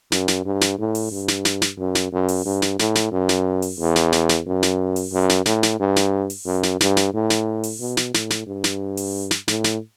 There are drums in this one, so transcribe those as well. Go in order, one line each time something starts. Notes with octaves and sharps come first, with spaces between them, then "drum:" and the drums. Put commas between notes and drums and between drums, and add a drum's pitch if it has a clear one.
F#2, drum: snare
drum: snare
G2
drum: snare
A2
drum: open hi-hat
G2
drum: snare
drum: snare
drum: snare
F#2
drum: snare
F#2
drum: open hi-hat
G2
drum: snare
A2, drum: snare
drum: snare
F#2
drum: snare
drum: open hi-hat
E2
drum: snare
drum: snare
drum: snare
F#2
drum: snare
drum: open hi-hat
F#2
drum: snare
A2, drum: snare
drum: snare
G2
drum: snare
drum: open hi-hat
F#2
drum: snare
G2, drum: snare
drum: snare
A2
drum: snare
drum: open hi-hat
B2
drum: snare
A2, drum: snare
drum: snare
G2
drum: snare
drum: open hi-hat
drum: snare
A2, drum: snare
drum: snare